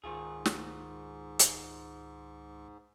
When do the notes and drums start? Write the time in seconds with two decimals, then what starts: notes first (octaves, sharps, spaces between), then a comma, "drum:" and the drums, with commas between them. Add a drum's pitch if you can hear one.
0.04 C#2 G#2 D#3 F4 G#4
0.46 drum: snare
1.39 drum: hi-hat